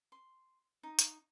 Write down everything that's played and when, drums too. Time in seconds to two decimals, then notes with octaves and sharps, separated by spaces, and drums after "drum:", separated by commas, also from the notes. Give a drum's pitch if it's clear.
0.12 C6
0.83 D#4
0.99 drum: hi-hat